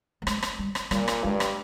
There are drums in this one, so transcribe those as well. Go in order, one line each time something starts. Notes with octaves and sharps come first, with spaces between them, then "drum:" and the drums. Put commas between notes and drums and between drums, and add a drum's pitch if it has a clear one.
G3
G#3, drum: rim click
drum: rim click
G3
drum: rim click
A#2 G3, drum: rim click
drum: rim click
G2 G#3
drum: rim click